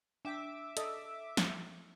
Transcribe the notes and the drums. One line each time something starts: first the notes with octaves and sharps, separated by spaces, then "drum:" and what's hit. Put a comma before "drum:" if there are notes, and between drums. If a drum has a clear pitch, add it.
D4 E5 G5 D6
A4 D5 D#5, drum: hi-hat
drum: snare